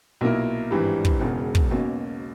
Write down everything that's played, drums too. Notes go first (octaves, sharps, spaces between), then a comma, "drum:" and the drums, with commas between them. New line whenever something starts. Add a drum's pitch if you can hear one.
B1 A#2 A#3 E4 A#4
G#1 G2 E3 G3
drum: kick
E1 E2 C#3
drum: kick
B1 B2 A#3 C#4